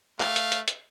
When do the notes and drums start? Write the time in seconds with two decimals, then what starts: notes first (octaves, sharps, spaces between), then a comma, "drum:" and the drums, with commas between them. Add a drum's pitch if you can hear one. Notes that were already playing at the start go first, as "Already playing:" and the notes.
0.20 A3 F5, drum: clap
0.36 drum: hi-hat
0.52 drum: hi-hat
0.68 drum: hi-hat